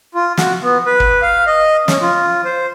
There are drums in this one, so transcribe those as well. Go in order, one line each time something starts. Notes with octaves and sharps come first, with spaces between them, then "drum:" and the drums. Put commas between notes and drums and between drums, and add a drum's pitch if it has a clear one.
F4
F#4, drum: snare
B3
B4
drum: kick
F5
D#5
C#4, drum: snare
F4
C5